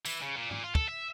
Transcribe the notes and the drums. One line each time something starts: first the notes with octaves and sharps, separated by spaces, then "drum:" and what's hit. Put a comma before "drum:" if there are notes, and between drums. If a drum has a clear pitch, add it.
E3, drum: tambourine
C#3
A#2
A#2, drum: tom G#2
F4
A4, drum: kick
E5